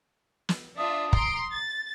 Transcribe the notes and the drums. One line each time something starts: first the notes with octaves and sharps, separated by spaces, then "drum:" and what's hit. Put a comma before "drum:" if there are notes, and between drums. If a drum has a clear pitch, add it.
drum: snare
D4 F4 E5 D#6
A#5 C6 D7, drum: kick
A6